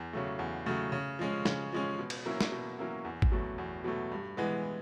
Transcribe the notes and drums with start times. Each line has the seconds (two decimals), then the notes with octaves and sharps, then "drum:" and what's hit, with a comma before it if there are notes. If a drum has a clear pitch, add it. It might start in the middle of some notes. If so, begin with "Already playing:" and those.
Already playing: E2
0.13 C#3 F#3 A3
0.39 E2
0.66 C#3 F#3 A3
0.92 C#3
1.19 F3 G#3 C#4
1.45 C#3, drum: snare
1.72 F3 G#3 C#4
1.99 B2
2.10 drum: cymbal
2.26 F#3 A#3 C#4 E4
2.41 drum: snare
2.52 B2
2.79 F#3 A#3 C#4 E4
3.05 E2
3.22 drum: kick G#1
3.32 B2 F#3 A3
3.58 E2
3.84 B2 F#3 A3
4.12 G2
4.37 E3 G#3 B3